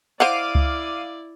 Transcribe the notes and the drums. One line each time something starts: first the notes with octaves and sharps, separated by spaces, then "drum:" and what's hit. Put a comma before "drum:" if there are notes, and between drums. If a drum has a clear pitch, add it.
E4 C5 D5 D#5 F5 F#5 D6 D#7
drum: kick C#2